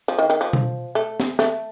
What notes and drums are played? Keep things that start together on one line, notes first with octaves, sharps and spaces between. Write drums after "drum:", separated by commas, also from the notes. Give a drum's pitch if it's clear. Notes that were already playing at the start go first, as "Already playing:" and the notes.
F3
D#3
D#3
F3
drum: tom B2
A3
drum: snare
A3, drum: snare